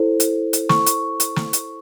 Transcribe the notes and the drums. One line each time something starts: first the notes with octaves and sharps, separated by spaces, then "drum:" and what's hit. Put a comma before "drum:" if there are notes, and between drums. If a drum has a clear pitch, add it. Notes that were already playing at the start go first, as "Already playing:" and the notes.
Already playing: E4 A4 C5
drum: hi-hat
drum: hi-hat
C#6, drum: snare
drum: hi-hat
drum: hi-hat
drum: snare
drum: hi-hat